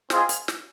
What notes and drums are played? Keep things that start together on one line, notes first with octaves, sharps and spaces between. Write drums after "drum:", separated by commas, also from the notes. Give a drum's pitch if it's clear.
C4 F4 G#4 D#5, drum: snare
drum: hi-hat
drum: snare